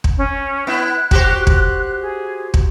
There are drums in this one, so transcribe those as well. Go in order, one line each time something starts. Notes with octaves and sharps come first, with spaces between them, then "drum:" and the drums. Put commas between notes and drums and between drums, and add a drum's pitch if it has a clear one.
drum: kick
C#4
B3 E4 F#6
F#4 G4 C5, drum: kick
drum: kick
G#4
drum: kick